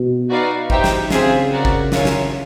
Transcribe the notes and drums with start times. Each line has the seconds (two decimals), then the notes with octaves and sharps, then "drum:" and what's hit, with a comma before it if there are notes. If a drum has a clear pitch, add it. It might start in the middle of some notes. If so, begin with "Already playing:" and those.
Already playing: B2
0.30 D#4 F#4 B4 D5 F5
0.70 D#4 G4 C5 E5 G5, drum: kick G#1
0.84 drum: snare
1.10 C#3 C4 F4 G#4 C5 E5, drum: snare
1.51 F#4 A#4 D5 F#5
1.65 drum: kick G#1
1.92 F4 A#4 C#5 E5 G#5, drum: snare
2.05 drum: snare